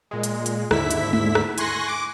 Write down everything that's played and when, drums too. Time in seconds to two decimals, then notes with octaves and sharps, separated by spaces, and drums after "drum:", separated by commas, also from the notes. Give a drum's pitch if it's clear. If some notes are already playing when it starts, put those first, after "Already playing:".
0.11 A#2 G#3
0.23 drum: hi-hat
0.46 drum: hi-hat
0.71 D#2 G#2 D3 E4 E5 B6, drum: rim click
0.91 drum: hi-hat
1.13 drum: tom G#3
1.35 drum: rim click
1.58 G#5 C6 C#6 F#6 A#6, drum: hi-hat
1.88 D6